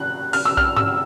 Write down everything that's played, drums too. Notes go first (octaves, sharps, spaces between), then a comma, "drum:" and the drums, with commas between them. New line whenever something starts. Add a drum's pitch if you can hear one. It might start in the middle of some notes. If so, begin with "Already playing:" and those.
Already playing: F#6
F6, drum: open hi-hat
E6
F6, drum: kick A#1
E6, drum: tom G2